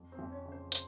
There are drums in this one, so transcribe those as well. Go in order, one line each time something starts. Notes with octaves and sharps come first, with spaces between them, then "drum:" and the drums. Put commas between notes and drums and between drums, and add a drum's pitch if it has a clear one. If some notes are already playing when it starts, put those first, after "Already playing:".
Already playing: F2
C4
F2
C#4
C#3
C5
C5, drum: hi-hat